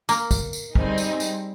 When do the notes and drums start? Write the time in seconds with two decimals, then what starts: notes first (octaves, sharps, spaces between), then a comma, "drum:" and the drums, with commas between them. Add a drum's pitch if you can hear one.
0.09 A#3, drum: tambourine
0.31 drum: kick, tambourine
0.53 drum: tambourine
0.75 G3 C4 D#4 G#4, drum: kick
0.98 drum: tambourine
1.20 drum: tambourine